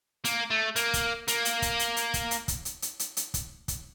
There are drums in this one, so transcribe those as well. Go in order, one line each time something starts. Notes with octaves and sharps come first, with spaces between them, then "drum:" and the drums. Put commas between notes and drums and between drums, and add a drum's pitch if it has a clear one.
A#3, drum: hi-hat
A3
A#3, drum: hi-hat
drum: kick, hi-hat
A#3, drum: hi-hat
drum: hi-hat
drum: kick, hi-hat
drum: hi-hat
drum: hi-hat
drum: kick, hi-hat
drum: hi-hat
drum: kick, hi-hat
drum: hi-hat
drum: hi-hat
drum: hi-hat
drum: hi-hat
drum: kick, hi-hat
drum: kick, hi-hat